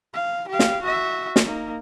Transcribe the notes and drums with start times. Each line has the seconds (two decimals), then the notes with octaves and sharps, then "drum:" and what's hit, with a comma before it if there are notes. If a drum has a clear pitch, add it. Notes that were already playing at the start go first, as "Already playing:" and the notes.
0.14 F5
0.49 G4 F5
0.59 drum: snare
0.82 F#4 E5
1.36 drum: snare
1.45 A#3 D#4